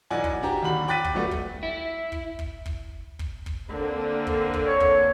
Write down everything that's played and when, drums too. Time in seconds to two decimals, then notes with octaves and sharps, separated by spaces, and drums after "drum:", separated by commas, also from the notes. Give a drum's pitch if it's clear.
0.10 B1 E3 D5 F#5 G#5
0.24 drum: kick
0.43 D4 F#4 G4 A#5
0.62 D#2 D3 B5 F#7
0.88 G5 D6 F#6 A6 B6 D#7
1.04 drum: kick
1.14 G2 F#3 G3 A3 B3
1.31 drum: kick
1.63 E4
2.12 drum: kick
2.39 drum: kick
2.66 drum: kick
3.19 drum: kick
3.46 drum: kick
3.70 D3 A#3 C4
4.27 drum: kick
4.54 drum: kick
4.67 C#5
4.80 drum: kick